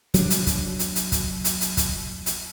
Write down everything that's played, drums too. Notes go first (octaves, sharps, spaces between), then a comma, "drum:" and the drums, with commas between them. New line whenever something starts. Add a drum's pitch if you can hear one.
F#3 D4, drum: hi-hat
drum: hi-hat
drum: kick, hi-hat
drum: hi-hat
drum: hi-hat
drum: kick, hi-hat
drum: hi-hat
drum: hi-hat
drum: kick, hi-hat
drum: hi-hat